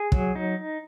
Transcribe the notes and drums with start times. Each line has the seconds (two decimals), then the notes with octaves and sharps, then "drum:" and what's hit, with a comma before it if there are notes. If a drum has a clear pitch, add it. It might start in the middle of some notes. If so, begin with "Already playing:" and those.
Already playing: G#4
0.12 F#3, drum: kick
0.35 D#4